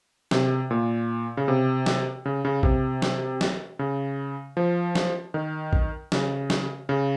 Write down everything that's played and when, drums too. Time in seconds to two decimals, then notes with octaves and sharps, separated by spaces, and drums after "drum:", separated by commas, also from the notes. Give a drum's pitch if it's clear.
0.31 C3, drum: snare
0.71 A#2
1.37 C#3
1.48 C3
1.86 drum: snare
2.26 C#3
2.45 C#3
2.63 C3, drum: kick A#1
3.02 drum: snare
3.41 drum: snare
3.79 C#3
4.57 F3
4.95 drum: snare
5.34 D#3
5.73 drum: kick A#1
6.12 C#3, drum: snare
6.50 drum: snare
6.89 C#3